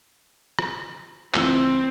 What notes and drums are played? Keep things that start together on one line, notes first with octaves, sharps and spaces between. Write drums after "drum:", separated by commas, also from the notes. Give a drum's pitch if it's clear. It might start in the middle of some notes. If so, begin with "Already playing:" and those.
drum: rim click
C#2 E3 C4 E6, drum: clap